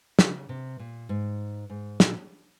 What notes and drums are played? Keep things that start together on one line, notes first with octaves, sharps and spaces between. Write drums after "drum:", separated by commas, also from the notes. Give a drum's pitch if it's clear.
C#3, drum: snare
C3
A#2
G#2
G#2
A#2, drum: snare